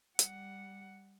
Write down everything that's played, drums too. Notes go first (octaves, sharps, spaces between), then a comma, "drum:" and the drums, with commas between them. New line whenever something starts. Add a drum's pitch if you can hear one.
G3 F#5, drum: hi-hat